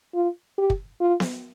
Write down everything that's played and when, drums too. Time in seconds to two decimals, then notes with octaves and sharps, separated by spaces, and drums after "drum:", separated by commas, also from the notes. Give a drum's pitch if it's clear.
0.15 F4
0.58 G4
0.70 drum: kick
1.01 F4
1.20 drum: snare B3